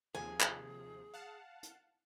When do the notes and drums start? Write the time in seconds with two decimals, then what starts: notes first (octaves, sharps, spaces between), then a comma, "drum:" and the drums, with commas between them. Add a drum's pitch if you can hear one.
0.15 D#2 C3 F3 G#4 G#5
0.40 drum: clap
1.14 F5 F#5 A5
1.63 drum: hi-hat